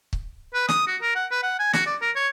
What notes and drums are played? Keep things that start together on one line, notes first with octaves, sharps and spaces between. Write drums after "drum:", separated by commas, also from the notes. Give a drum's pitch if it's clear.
drum: kick
B4
D#6, drum: snare
F#4
A#4
F#5
B4
F#5
G#5
F#4, drum: snare
D5
A#4
C#5